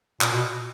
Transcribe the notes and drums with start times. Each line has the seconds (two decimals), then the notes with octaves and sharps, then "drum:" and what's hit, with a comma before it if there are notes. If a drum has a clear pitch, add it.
0.21 A#2, drum: clap
0.32 B2